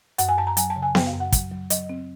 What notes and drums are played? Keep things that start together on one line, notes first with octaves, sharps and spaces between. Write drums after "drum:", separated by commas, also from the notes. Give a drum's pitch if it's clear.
F#2 F#5, drum: hi-hat
G#5
F#2 A5
A#5
F#3 G#5, drum: hi-hat
A5
C#3
G#5
F#2 G5, drum: snare B3
F5
F#2
F#5
F#3, drum: kick, hi-hat
F#3
F#3 D#5, drum: hi-hat
C4